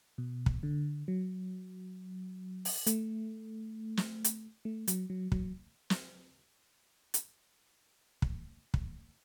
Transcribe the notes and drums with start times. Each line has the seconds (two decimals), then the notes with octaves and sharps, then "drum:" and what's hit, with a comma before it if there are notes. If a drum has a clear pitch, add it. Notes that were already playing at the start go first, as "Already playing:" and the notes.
0.18 B2
0.46 drum: kick
0.63 D3
1.08 F#3
2.65 drum: open hi-hat
2.87 A3, drum: hi-hat
3.97 drum: snare
4.24 drum: hi-hat
4.65 A3
4.88 F#3, drum: hi-hat
5.10 F#3
5.32 F#3, drum: kick
5.90 drum: snare
7.14 drum: hi-hat
8.22 drum: kick
8.74 drum: kick